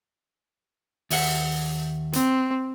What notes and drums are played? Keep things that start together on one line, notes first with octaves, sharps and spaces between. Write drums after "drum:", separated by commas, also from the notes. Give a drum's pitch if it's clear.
D#2 E5 F#5, drum: open hi-hat
C4, drum: hi-hat